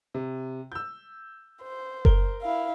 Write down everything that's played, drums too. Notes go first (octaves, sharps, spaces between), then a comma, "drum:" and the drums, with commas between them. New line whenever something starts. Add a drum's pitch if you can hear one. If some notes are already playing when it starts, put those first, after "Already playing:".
C3
E6 G6
C5
A#4 G7, drum: kick F#1
E4 F5